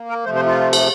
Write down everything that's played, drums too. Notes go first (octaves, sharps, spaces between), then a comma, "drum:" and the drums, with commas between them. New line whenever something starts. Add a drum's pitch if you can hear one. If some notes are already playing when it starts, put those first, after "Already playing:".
Already playing: A#3
A#4
C3 F3 A3 C5
C5
F4
drum: cymbal